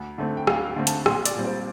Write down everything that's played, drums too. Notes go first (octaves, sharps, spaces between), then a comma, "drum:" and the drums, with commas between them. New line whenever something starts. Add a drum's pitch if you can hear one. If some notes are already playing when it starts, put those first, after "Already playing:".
Already playing: D2
D3 A3 C4
G5
D2 F5, drum: rim click
D3 A3 C4
A5, drum: hi-hat
A#1 C6, drum: rim click
D5, drum: hi-hat
A#2 G3 C4
C5